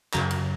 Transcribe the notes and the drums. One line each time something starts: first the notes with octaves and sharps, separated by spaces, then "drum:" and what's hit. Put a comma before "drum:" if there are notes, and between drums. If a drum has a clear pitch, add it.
F#2 C#3 F#3 A#5, drum: clap
drum: cymbal